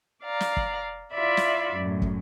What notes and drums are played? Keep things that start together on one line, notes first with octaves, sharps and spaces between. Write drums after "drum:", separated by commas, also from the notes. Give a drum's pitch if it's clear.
D5 F5 A#5
drum: snare
drum: kick
E4 F4 D5 E5 B5
drum: snare
F#2 A2
drum: kick